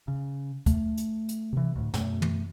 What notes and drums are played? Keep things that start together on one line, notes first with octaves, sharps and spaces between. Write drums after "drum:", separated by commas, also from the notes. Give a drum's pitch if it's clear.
C#3
A3, drum: kick, hi-hat
drum: hi-hat
drum: hi-hat
C3 E3
D2 A2
F#2 B2 A3, drum: snare
drum: tom